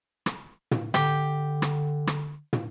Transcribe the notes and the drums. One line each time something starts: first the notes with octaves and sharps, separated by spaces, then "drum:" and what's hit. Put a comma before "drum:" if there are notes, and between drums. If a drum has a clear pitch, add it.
drum: rim click
drum: tom
D3 G4, drum: rim click
drum: rim click
drum: rim click
drum: tom